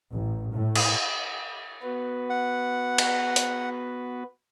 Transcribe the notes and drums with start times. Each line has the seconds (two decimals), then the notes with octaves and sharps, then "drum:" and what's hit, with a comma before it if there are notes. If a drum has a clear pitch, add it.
0.12 A1
0.53 A2
0.76 drum: cymbal
1.83 B3 F#4 B4
2.30 F#5
2.98 drum: cymbal
3.36 drum: hi-hat